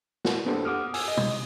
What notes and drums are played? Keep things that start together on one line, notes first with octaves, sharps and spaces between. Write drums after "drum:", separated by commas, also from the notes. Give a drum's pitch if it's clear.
F#4, drum: snare
A#3 B3 D4 G4 A4 C5
F#5 D6 D#6 F6
G#5 E6, drum: open hi-hat
D#5
drum: tom